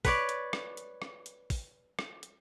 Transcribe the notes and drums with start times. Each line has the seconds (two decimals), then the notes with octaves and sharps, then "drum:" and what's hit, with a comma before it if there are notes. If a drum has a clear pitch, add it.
0.05 B4 C#5 D5, drum: kick, open hi-hat
0.29 drum: hi-hat
0.53 drum: rim click
0.77 drum: hi-hat
1.02 drum: rim click
1.26 drum: hi-hat
1.50 drum: kick, open hi-hat
1.99 drum: rim click
2.23 drum: hi-hat